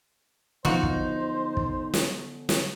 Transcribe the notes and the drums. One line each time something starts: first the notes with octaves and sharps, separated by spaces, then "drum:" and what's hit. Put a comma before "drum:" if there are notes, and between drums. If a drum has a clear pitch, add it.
D3 F3 F#3 B3 D#4 F#4 C5
drum: kick
drum: kick
drum: snare
drum: snare